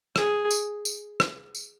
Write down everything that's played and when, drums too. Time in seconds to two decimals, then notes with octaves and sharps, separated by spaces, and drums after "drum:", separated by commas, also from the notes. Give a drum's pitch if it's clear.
0.16 G#4, drum: rim click
0.51 drum: tambourine
0.85 drum: tambourine
1.20 drum: rim click
1.55 drum: tambourine